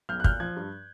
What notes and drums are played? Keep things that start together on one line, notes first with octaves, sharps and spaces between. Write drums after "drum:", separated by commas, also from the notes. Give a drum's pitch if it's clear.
B1 F6 G6
F#6
A#2 F6 G6, drum: kick
F3 F#6 G#6
G2